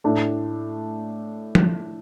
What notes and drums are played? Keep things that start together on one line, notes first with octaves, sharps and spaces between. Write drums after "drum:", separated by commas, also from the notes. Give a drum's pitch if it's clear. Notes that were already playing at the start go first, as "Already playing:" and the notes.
A2 A3 D4
drum: tom